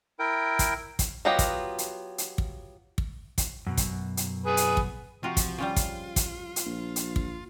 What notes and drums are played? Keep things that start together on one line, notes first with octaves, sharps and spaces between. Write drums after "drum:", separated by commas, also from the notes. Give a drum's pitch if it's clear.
E4 A#4 G5
drum: kick, hi-hat
drum: kick, hi-hat
F#3 B3 F4 G4 D#5
drum: kick, hi-hat
drum: hi-hat
drum: hi-hat
drum: kick
drum: kick
drum: kick, hi-hat
F#2 B2 F#3
drum: kick, hi-hat
drum: hi-hat
G#4 B4
drum: hi-hat
drum: kick
C3 F3 F4 F#4
drum: kick, hi-hat
C#3 F3 G3 F4
drum: kick, hi-hat
drum: kick, hi-hat
drum: hi-hat
A#1
drum: hi-hat
drum: kick